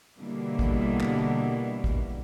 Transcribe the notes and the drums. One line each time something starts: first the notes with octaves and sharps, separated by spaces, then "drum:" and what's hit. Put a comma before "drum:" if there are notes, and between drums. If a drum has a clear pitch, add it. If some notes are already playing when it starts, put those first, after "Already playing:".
B2 D3 E3 G3 A#3 B3
drum: kick
drum: clap
drum: kick